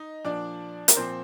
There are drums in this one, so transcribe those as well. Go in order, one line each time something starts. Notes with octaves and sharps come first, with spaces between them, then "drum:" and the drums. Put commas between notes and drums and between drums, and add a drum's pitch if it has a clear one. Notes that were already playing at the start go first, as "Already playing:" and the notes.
Already playing: D#4 D#5
A#2 F3 D4 D5
A#4, drum: hi-hat
A#2 F3 C4 C5